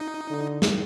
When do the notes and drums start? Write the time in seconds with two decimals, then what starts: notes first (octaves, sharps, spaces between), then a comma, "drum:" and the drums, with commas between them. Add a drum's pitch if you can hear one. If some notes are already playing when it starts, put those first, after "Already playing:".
Already playing: D#4
0.30 D3
0.62 drum: snare